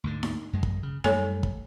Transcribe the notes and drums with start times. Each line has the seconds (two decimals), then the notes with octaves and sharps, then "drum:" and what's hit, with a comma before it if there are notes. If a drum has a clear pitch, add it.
0.04 D2 G#2 D3
0.23 drum: snare D#4
0.53 F#2 G#3
0.63 drum: kick
0.83 C#3
1.04 F#2 G3 A3 A4 C#5 G#5, drum: snare D#4
1.43 drum: kick